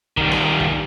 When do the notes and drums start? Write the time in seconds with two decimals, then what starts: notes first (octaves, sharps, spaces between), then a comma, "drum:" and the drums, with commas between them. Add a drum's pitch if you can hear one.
0.17 D#3 G3, drum: kick
0.32 drum: rim click
0.60 drum: kick